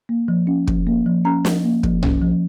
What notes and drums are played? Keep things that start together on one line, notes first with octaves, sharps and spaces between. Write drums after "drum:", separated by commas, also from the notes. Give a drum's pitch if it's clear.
A#3
F3
C#4
F3, drum: kick
A#3
F3
C#4 A#5
F3, drum: snare
A#3
F3, drum: kick
C#4, drum: tom B1
F3